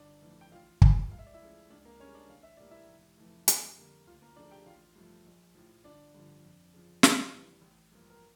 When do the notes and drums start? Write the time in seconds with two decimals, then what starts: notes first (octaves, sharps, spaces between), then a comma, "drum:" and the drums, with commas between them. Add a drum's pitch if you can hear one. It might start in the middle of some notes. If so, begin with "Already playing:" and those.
Already playing: G1 D4 D5
0.22 F2 E3 A3
0.41 G5
0.52 A1 F4 F5
0.82 G2 F3 A#3, drum: kick
1.11 C#2 F5
1.19 E5
1.27 D5
1.34 E4 E5
1.40 C#3 F3 A3
1.70 C#2 D4 D5
1.85 A#3 A#4
2.00 C#3 G3 C#4 C#5
2.15 D4 D5
2.29 A1 F5
2.43 E5
2.57 A2 G3 A#3 D5
2.71 E4 E5
2.89 F1
3.18 F2 E3 A3
3.48 F2, drum: hi-hat
3.77 D3 G3 A#3
4.07 D2 F4
4.22 A#3 A#4
4.36 C#3 F3 A3 D4 D5
4.51 G4 G5
4.66 A1 F4 F5
4.96 G2 F3 A3
5.26 A#1
5.55 A2 F3
5.84 G1 D4 D5
6.14 G2 D3 F3
6.43 F2
6.73 C#3 F3
7.03 F1, drum: snare
7.32 E2 E3 G3
7.62 A1
7.92 G2 F3 A#3
8.10 A#4